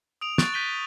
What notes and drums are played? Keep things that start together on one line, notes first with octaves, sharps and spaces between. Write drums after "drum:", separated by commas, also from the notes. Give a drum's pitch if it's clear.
D#6 D7 F7
C#6 F#6 A6 D7, drum: snare
G6 B6 D#7 G7